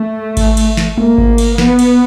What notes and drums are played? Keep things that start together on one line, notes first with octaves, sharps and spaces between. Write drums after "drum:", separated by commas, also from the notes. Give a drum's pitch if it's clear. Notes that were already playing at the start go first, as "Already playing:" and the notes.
Already playing: A3
drum: kick G#1, cymbal
drum: cymbal
drum: snare
A#3, drum: tom G#3
drum: kick G#1
drum: cymbal
B3, drum: snare
drum: cymbal